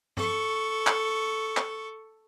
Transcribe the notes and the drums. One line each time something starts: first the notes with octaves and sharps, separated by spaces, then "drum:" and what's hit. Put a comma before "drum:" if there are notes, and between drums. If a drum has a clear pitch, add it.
A4 C#6, drum: tom G2
drum: clap
drum: clap